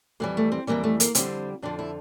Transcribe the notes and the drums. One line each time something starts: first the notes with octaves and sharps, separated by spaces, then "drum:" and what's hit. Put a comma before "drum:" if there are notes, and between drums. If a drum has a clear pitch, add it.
F2 E3 G3 A#3
A3
C4
F2 C3 E3 G3 A#3
A3
A#3, drum: hi-hat
F2 D3 G3 C4, drum: hi-hat
F2 D3 F3 D4
E4